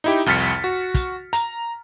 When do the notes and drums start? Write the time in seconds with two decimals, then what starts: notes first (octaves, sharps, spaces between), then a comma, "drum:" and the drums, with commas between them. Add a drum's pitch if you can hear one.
0.04 D#4 E4 G4
0.26 C2 F2 F6 A6 B6 C#7
0.64 F#4
0.94 drum: kick, hi-hat
1.33 A#5, drum: hi-hat